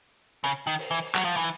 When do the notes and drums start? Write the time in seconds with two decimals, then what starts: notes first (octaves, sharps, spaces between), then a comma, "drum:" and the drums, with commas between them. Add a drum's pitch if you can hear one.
0.44 C#3, drum: hi-hat
0.67 D#3
0.79 drum: open hi-hat
0.91 E3
1.15 F#3, drum: clap
1.25 F3
1.37 E3